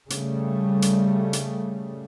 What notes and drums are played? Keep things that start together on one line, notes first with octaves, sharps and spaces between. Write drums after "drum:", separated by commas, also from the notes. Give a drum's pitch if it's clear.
C#3 G3 A3, drum: hi-hat
drum: hi-hat
drum: hi-hat